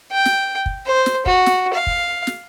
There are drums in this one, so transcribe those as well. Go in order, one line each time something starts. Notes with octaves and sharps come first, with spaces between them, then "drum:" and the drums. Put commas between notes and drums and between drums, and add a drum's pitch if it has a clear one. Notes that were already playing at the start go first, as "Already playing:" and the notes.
G5
drum: snare
drum: kick
C5
drum: snare
F#4, drum: kick
drum: snare
F5
drum: kick
drum: snare